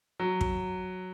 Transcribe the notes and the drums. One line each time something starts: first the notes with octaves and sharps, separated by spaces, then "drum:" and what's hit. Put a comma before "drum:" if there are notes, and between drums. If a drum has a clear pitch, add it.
F#3
drum: kick